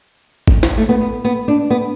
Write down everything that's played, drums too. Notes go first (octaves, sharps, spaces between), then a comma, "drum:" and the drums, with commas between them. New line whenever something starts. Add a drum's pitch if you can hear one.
drum: kick G#1
drum: snare
A3
B3
B3
B3
D4
B3